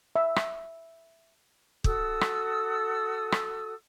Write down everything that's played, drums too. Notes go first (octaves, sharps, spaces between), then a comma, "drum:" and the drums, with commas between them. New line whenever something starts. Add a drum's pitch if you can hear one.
E5
drum: rim click
F#4 A4 D#6 E6, drum: kick
drum: rim click
drum: rim click